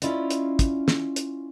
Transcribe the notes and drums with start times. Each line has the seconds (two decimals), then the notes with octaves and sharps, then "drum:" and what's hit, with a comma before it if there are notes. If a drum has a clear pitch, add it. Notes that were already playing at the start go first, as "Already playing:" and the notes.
0.02 C#4 D4 E4 F4 D5 D#5, drum: hi-hat
0.30 drum: hi-hat
0.59 drum: kick, hi-hat
0.88 drum: snare
1.16 drum: hi-hat